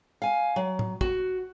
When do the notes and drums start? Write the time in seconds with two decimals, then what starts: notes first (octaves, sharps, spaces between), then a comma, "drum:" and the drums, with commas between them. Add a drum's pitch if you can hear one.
0.22 F5 G#5
0.56 F#3
0.79 drum: tom A2
1.01 F#4, drum: kick